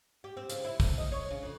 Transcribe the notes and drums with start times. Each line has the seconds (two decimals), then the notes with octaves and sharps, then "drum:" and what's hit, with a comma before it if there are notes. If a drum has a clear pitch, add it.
0.24 G4
0.37 C4
0.49 C#3, drum: hi-hat
0.65 E4
0.80 D3, drum: kick, open hi-hat
0.98 D#5
1.12 C#5
1.31 C#3
1.43 F2